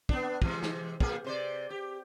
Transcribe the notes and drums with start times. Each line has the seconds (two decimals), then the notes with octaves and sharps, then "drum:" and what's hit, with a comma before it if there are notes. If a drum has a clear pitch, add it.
0.09 B3 D4, drum: kick
0.42 C3 E3 G#3, drum: kick
0.62 drum: snare
1.00 A#2 A#3 G#4, drum: kick
1.24 C3 C5 D5
1.70 G4